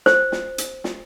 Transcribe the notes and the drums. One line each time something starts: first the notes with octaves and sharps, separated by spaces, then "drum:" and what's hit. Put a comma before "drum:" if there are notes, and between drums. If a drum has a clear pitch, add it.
C5, drum: snare
drum: snare
drum: hi-hat
drum: snare